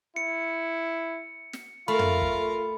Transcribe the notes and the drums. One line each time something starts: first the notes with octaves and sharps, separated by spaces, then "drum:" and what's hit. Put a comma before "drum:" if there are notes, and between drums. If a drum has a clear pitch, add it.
E4 C#7
drum: snare
A3 F4 A#4 F5 B5
drum: tom
drum: kick